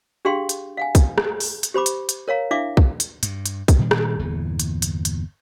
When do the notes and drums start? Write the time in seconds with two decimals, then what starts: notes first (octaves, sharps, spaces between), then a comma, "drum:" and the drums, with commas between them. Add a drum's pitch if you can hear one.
0.25 D4 G4 G#4 F5 G5 C6
0.49 drum: hi-hat
0.77 F5 F#5 G#5
0.95 drum: kick, hi-hat
1.18 drum: rim click
1.40 drum: open hi-hat
1.63 drum: hi-hat
1.74 G4 C5 B5 D6
1.86 drum: hi-hat
2.09 drum: hi-hat
2.28 A#4 C#5 F5 A#5
2.51 D4 E4 E5 F5 D6
2.77 drum: kick
3.00 drum: hi-hat
3.23 G2, drum: hi-hat
3.46 drum: hi-hat
3.68 drum: kick, hi-hat
3.79 A#2 D#3 G3 D4
3.91 drum: rim click
4.19 G1 E2 A#2 E3
4.59 drum: hi-hat
4.82 drum: hi-hat
5.05 drum: hi-hat